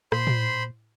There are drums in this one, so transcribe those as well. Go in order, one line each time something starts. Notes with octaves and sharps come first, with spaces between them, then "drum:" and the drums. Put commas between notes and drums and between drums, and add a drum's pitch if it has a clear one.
A#2 C5 B5 C6, drum: rim click
drum: tom